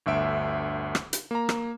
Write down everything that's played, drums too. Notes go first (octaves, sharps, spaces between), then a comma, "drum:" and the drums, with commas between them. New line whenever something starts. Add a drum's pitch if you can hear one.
G1 D2 E5 D7
drum: rim click
drum: hi-hat
A#3 A#5
drum: rim click